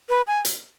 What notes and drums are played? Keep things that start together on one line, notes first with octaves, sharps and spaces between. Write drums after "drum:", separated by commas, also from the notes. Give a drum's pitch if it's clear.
B4
G#5
drum: hi-hat